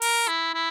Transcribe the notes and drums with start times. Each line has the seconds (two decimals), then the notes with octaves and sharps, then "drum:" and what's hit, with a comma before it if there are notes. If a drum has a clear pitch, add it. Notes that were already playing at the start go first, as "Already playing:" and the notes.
0.02 A#4, drum: open hi-hat
0.28 E4
0.54 E4